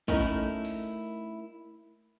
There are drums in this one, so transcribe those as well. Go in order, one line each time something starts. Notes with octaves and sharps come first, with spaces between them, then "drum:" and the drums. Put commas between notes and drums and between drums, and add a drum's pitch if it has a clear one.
A3 C#4 D#4 E4 A#4, drum: kick
drum: open hi-hat